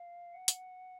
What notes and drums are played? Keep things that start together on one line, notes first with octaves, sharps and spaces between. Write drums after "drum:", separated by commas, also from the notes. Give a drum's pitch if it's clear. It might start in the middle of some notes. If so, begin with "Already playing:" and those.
Already playing: F5
F#5
drum: hi-hat